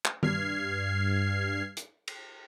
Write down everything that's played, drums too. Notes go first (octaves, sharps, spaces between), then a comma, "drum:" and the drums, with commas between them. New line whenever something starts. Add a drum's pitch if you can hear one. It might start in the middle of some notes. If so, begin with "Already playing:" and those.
drum: clap
G2 F6 G#6 C7, drum: tom D#3
drum: hi-hat
drum: cymbal